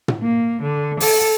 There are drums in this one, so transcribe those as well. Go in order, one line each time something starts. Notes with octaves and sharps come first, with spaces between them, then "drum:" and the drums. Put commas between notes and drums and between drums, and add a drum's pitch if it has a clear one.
drum: tom
A#3
D3
A4, drum: open hi-hat